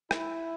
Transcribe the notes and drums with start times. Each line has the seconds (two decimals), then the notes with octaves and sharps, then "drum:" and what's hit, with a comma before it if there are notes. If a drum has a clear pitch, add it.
0.11 E4, drum: rim click